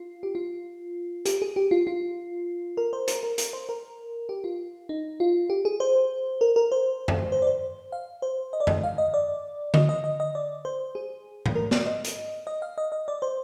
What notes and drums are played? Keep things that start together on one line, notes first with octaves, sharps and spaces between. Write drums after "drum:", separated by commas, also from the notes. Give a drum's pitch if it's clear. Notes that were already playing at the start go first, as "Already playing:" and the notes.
Already playing: F4
G4
F4
G4, drum: hi-hat
G#4
G4
F4
F4
A#4
C5
A#4, drum: hi-hat
A#4
A#4, drum: hi-hat
C5
A#4
G4
F4
D#4
F4
G4
G#4
C5
A#4
A#4
C5
drum: tom F#2
C5
D5
C5
F5
C5
D#5
D5
D#5, drum: tom F#2
F5
D#5
D5
D#5, drum: tom D3
D#5
D#5
D#5
D5
C5
G#4
drum: tom G#2
A#4
D5, drum: snare
D#5
drum: hi-hat
D#5
F5
D#5
D#5
D5
C5